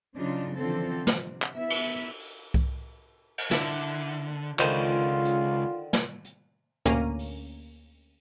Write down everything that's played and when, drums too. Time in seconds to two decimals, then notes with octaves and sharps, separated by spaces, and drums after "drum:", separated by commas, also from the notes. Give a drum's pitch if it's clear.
0.16 C#3 F#3 D4 D#4 F4
0.57 D3 E3 F3 C4 F4 A4
1.07 C3, drum: snare
1.42 drum: clap
1.54 B3 E4 E5
1.70 drum: cymbal
2.19 drum: open hi-hat
2.54 drum: kick C2
3.38 drum: cymbal
3.51 D3 E4, drum: snare
4.59 C#2 D3 D#3 F4 C5, drum: clap
5.25 drum: hi-hat
5.93 drum: snare
6.24 drum: hi-hat
6.86 D2 A#3 C#4 A#5 D#7, drum: tom
7.19 drum: open hi-hat